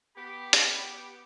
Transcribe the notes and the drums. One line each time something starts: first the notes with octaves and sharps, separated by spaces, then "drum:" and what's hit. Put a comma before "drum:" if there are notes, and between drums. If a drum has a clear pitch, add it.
B3 G4 B5
drum: hi-hat